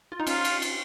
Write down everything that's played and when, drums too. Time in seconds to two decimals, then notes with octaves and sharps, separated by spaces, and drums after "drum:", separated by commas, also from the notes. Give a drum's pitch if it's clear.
0.12 F4
0.20 D#4
0.27 C#4 F4, drum: cymbal
0.45 drum: cymbal
0.62 drum: cymbal